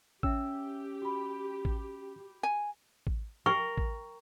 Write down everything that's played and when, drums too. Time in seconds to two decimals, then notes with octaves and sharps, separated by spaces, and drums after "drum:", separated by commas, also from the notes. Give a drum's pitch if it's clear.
0.23 C#4 G4 E5 G5 E6, drum: kick A1
1.02 F#4 B5
1.65 drum: kick A1
2.43 G#5
3.07 drum: kick A1
3.46 A#4 G5 C#6
3.78 drum: kick A1